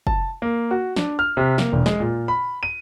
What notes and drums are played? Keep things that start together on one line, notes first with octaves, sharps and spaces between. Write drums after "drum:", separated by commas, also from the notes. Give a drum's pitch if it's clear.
A5, drum: kick
A#3
F#4
D4, drum: snare
F6
C3
A#3, drum: snare
E1
G#3, drum: snare
A#2
B5
D#7